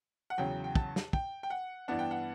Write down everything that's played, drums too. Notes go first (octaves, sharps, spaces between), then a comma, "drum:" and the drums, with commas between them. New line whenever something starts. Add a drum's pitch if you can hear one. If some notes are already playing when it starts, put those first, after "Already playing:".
F#5
E2 C#3 F#3 G5
G5
A5, drum: kick
drum: snare
G5, drum: kick
G5
F#5
G2 E3 B3 D4 F#5
G5
F#5